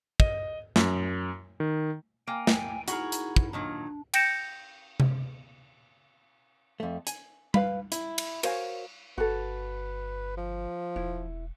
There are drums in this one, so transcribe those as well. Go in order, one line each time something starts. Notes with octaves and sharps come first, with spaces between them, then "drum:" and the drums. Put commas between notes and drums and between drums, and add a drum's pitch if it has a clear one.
D#5, drum: kick
F#2, drum: snare
D#3
A#3 G5 G#5
drum: snare
D#4 E4 F#4 G#4 A#4, drum: hi-hat
drum: hi-hat
drum: kick
A#2 D#3 F#3 D4
G5 G6 A#6 C#7 E7, drum: cymbal
drum: tom C3
F2 A3
G#5, drum: hi-hat
B4 F5 B5, drum: tom G3
E4, drum: hi-hat
drum: cymbal
F#4 A#4 C5 C#5 F5 G#5, drum: cymbal
G1 F#4 A4 B4
F3
E1 E4